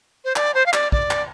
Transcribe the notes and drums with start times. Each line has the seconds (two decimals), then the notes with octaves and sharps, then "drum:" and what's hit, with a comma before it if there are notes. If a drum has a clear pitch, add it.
0.25 C5
0.36 D5, drum: clap
0.54 C5
0.66 F5
0.73 D5, drum: clap
0.92 D5, drum: kick
1.11 drum: clap